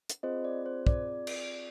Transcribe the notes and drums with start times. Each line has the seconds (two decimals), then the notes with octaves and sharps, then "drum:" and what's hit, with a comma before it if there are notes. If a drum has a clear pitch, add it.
0.10 drum: hi-hat
0.23 C4 F4 G#4 C5 D#5
0.44 D5
0.66 C5
0.87 D5, drum: kick
1.27 drum: cymbal